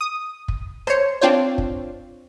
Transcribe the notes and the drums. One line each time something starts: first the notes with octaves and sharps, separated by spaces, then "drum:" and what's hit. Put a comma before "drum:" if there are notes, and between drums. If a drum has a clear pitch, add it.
D#6
drum: kick
C5 C#5, drum: rim click
C4 D4 F4 C5 C#5
drum: kick